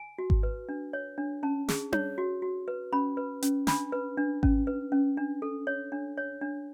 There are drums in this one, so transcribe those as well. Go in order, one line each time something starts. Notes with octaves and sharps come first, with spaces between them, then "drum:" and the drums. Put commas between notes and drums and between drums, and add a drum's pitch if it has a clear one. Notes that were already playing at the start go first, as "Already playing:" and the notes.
Already playing: G#5
F#4
drum: kick G#1
B4
D4
C#5
D4
C#4 A5
G#4, drum: snare
C#5, drum: tom D4
F#4
F#4
B4
C#4 B5
B4
C#4, drum: hi-hat
D4 B5, drum: snare
B4
D4
C#4, drum: kick G#1
B4
C#4
D4
A4
C#5
D4
C#5
D4